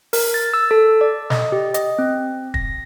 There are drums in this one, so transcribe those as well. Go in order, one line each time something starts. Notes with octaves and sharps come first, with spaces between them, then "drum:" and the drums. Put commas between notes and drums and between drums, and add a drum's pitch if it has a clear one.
A#4, drum: open hi-hat
A6
E6
A4
D5
D#5, drum: snare
G4
D#5, drum: hi-hat
C4
A#6, drum: kick